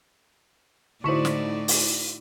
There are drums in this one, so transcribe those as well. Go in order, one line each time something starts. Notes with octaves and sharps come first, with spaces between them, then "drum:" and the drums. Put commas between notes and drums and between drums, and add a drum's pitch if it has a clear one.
A2 D3 D#4 E4 F#4 C5 D5 C#6
drum: snare
drum: open hi-hat